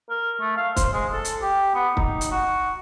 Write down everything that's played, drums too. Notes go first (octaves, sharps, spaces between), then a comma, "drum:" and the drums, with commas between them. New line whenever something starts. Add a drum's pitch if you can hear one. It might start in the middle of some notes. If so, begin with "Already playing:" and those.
A#4
A3
F5
C5, drum: kick, hi-hat
G#3
A4
drum: hi-hat
G4
B3
D#4, drum: kick
drum: hi-hat
F#4